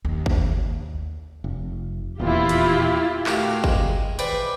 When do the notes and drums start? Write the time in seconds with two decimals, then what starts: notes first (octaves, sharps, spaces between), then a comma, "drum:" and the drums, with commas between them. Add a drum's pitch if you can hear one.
0.05 D#2
0.26 drum: kick
1.44 F1
2.20 D#1 E2 A#2 E4 F4 G4
2.49 drum: hi-hat
3.26 A3 F#4 G4 A#4 F5, drum: clap
3.64 G#3, drum: kick
4.19 B4 C5 D5 E5 G5, drum: hi-hat